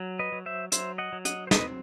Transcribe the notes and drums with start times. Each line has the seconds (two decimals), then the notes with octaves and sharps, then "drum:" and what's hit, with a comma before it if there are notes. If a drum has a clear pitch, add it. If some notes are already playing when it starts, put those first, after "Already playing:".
Already playing: F#3
0.19 B4 D#5
0.32 F#3
0.46 C5 E5
0.72 F#3 C5 E5, drum: hi-hat
0.98 D#5 F#5
1.13 F#3
1.25 D#5 F#5, drum: hi-hat
1.47 C5
1.51 C4 B4 D#5, drum: snare